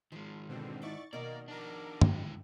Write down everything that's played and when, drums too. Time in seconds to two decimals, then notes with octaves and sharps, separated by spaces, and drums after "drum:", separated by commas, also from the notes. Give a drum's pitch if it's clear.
0.12 D#3 F3 G#3
0.48 B2 D3 C4
0.82 G#2 E4 D5 C#6 A6
1.13 B2 D#3 A#3 A#4 D5
1.48 D4 A#4 A#5 D6
2.01 G#3 E4 G5, drum: tom